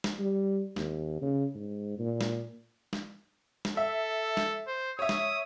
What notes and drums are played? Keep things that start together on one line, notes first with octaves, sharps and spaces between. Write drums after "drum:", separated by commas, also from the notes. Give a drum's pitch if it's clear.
drum: snare
G3
D#2, drum: snare
C#3
G#2
A#2
drum: snare
drum: snare
drum: snare
A4 E5
drum: snare
C5
C#5 E5 D#6
drum: snare